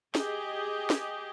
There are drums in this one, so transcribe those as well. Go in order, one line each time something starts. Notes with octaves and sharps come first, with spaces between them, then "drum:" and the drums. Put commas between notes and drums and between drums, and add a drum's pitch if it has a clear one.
G4 G#4 D#5, drum: snare
drum: snare